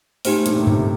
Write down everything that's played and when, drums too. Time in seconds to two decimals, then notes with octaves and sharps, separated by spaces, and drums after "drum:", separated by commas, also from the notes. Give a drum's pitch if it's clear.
0.25 A2 D#4 G4 C5, drum: open hi-hat
0.36 A2
0.46 G2 A#2, drum: hi-hat
0.56 A2 C3
0.67 C3 D#3, drum: tom G2